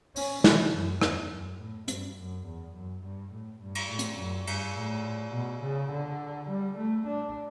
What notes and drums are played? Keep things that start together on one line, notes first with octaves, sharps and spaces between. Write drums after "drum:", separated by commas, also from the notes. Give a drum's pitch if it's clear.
C#4, drum: open hi-hat
E3, drum: snare
F#2
E2, drum: rim click
F#2
A2
G2, drum: hi-hat
F#2
E2
F#2
G2
A2
G2
drum: cymbal
A2
drum: hi-hat
F#2
G2, drum: cymbal
A2
B2
C#3
D3
G3
A3
D4